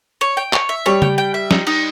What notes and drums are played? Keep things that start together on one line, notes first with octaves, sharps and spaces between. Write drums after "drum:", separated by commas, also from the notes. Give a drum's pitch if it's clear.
C#5
G5
C#5, drum: clap
E5
G3 C#5
G5, drum: tom C#3
G5
E5
D#4, drum: snare
D#4, drum: cymbal